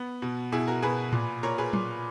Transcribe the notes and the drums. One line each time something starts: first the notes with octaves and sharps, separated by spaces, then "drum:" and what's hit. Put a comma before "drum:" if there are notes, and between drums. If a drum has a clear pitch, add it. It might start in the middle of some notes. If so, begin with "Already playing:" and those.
Already playing: B3
B2
B2 E4 G#4
F#4 A#4
B2 G#4 B4
A#2, drum: tom A2
A#2 A#4 C#5
G#4 B4
A#2, drum: tom F#3